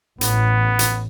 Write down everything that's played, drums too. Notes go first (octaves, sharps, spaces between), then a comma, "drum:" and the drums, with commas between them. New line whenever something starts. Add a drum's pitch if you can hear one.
A1 B3, drum: hi-hat
drum: hi-hat